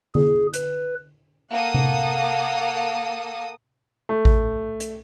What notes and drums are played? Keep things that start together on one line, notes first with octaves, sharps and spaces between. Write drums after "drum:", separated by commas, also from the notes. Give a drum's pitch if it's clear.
G#4, drum: tom D3
B4, drum: hi-hat
A#3 A4 F5 F#5 D#6
drum: tom C3
A3
drum: kick A1
drum: hi-hat